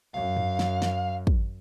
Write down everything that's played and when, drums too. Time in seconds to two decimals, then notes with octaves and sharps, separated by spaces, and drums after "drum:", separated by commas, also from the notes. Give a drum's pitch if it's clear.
0.14 F#2 F5
0.37 drum: tom G2
0.59 drum: snare
0.82 drum: snare
1.27 drum: kick